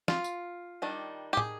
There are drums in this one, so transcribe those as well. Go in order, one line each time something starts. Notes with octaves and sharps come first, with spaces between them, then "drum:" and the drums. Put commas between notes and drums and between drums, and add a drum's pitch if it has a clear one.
F4, drum: snare
drum: tambourine
D#3 G3 D4
G4
G#4, drum: tom